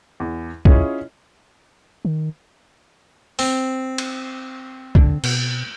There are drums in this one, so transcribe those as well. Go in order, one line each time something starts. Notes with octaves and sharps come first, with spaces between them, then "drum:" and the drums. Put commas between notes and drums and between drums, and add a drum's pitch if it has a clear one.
E2
C#4 E4 F4 G#4 C#5 D#5, drum: kick
D#3
C4, drum: open hi-hat
drum: cymbal
D3, drum: kick
B2, drum: cymbal